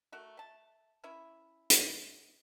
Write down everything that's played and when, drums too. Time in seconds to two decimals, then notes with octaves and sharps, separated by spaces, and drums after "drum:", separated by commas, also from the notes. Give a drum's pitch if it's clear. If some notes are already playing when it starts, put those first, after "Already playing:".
0.12 A3 F#4 A#4
0.37 E5 A5
1.04 C#4 E4 E5 B5
1.70 drum: hi-hat